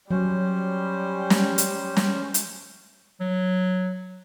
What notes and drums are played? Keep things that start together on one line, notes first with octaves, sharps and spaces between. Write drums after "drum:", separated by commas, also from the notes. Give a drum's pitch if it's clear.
F#3 G3 C#4 C5
drum: snare
drum: hi-hat
drum: snare
drum: hi-hat
F#3